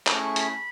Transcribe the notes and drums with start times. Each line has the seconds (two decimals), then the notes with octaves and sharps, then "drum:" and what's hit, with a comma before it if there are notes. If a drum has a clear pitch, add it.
0.07 A3 C#4 E4 G#4 C#6, drum: clap
0.36 B5, drum: hi-hat